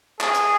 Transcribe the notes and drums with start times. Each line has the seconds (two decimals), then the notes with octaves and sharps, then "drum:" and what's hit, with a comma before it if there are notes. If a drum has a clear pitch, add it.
0.21 G#4, drum: clap
0.35 drum: hi-hat